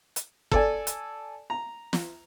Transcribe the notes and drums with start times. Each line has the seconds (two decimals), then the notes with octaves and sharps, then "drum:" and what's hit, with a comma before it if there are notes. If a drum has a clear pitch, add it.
0.16 drum: hi-hat
0.51 A4 D5 G#5, drum: kick
0.87 drum: hi-hat
1.50 A#5
1.93 drum: snare